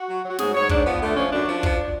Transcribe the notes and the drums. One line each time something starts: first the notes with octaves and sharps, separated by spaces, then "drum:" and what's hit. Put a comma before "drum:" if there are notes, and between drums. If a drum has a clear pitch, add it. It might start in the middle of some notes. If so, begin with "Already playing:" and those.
Already playing: F#4
F#3
F#3
F#4
G#2 G#4, drum: snare
G#2 C#5
G#2 D4, drum: kick
F3 B3
D3 A3
F3 C#4
F#2 D4
F3
F3, drum: kick